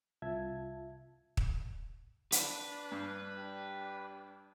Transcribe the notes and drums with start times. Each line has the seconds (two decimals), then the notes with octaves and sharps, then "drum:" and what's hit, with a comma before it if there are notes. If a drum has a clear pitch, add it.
0.22 C2 F4 E5 A5 G#6
1.37 drum: kick
2.32 D4 B4, drum: hi-hat
2.92 G2
3.37 D4 G4